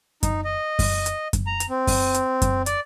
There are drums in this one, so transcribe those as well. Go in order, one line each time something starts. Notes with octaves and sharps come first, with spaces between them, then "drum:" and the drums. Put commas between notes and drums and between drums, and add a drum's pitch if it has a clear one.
D#4, drum: kick F#2, hi-hat
D#5
drum: kick F#2, open hi-hat
drum: hi-hat
drum: kick F#2, hi-hat
A#5
drum: hi-hat
C4
drum: kick F#2, open hi-hat
drum: hi-hat
drum: kick F#2, hi-hat
D5, drum: hi-hat